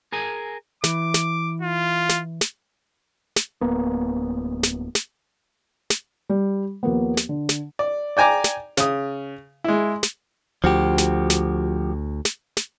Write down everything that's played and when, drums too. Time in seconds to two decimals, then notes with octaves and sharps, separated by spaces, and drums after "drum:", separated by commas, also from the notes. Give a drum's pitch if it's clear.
0.12 G#4 A#4 G#5
0.84 E3 D6, drum: snare
1.14 drum: snare
1.62 F4
2.09 drum: snare
2.41 drum: snare
3.36 drum: snare
3.61 D1 A#3 B3
4.63 drum: snare
4.95 drum: snare
5.90 drum: snare
6.29 G3
6.83 D#2 F3 A#3 B3
7.17 drum: snare
7.29 D3
7.49 drum: snare
7.79 D5
8.17 D5 G5 G#5 A#5 D6
8.44 drum: snare
8.77 C#3 D#6, drum: snare
9.64 G#3 E4
10.03 drum: snare
10.64 D2 F3 F#4 G4
10.98 drum: snare
11.30 drum: snare
12.25 drum: snare
12.57 drum: snare